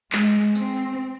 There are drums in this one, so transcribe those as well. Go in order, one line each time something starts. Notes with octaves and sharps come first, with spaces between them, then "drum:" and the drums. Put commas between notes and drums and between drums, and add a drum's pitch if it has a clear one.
G#3, drum: clap
C4, drum: tambourine